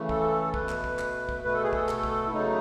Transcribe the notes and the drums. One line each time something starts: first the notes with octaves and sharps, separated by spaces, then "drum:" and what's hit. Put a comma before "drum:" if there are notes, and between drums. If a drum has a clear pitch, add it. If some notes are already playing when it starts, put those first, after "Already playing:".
Already playing: C#3 E3 A3
A4, drum: kick
B2 A3 B4, drum: kick
drum: clap
drum: kick
drum: clap
drum: kick
B2 A3 B4
A4
G#4
A4, drum: kick
drum: clap
drum: kick
E4
C#3 F#3 A3 D#4